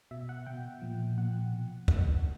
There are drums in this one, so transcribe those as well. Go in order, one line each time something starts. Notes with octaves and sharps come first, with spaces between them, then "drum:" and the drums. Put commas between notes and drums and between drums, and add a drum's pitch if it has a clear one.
B2 E5
F#5
B2 G5
A#2 F3
A#2 F3 F#5
B2
B2 F#5, drum: kick D2